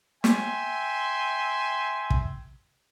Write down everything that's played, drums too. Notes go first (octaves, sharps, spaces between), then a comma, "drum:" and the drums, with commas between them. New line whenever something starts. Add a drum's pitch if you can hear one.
E5 G5 G#5 C6, drum: snare
drum: kick